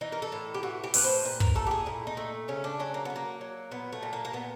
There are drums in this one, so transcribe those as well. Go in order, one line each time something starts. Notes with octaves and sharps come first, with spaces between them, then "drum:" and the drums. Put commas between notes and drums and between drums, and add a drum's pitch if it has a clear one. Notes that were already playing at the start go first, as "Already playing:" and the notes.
E3 D#4
A#4
A4
A2
G4
E3 F#4
G4
A2 B4, drum: open hi-hat
C5
A#2 B4
A#4, drum: kick
A3 A4
G4
G#4
A#2 E4
D#4
A3
C#3 C#4
D4
F#3 C#4
A#3
B3
A3
A#3
F#3
A#2 B3
A3
A#2
A#3
A#3
A#2 B3